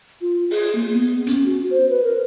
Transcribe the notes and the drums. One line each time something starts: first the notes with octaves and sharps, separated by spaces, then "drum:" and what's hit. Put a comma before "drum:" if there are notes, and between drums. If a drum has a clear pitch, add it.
F4
G#4, drum: open hi-hat
A#3
B3
C#4, drum: hi-hat
F#4
C5
B4
A#4